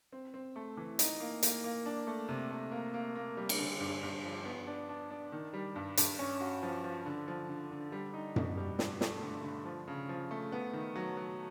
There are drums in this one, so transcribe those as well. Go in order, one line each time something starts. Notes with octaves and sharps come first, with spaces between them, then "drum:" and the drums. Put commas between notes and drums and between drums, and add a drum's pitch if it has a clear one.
C4
C4
A3
E3
D#4, drum: hi-hat
A#3
A#3, drum: hi-hat
A#3
D4
A3
C3
A3
A#3
A#3
A#3
G3
drum: cymbal
D3
G2
G2
F3
B3
D4
D4
D4
D#3
G3
G2
G2, drum: hi-hat
C#4
F#4
F3
F3
D3
F3
D3
D3
G3
D#4
B2, drum: tom F#2
G3
G2, drum: snare
A3, drum: snare
D3
D3
F3
C#3
F3
A3
B3
D#3
F#3
F#3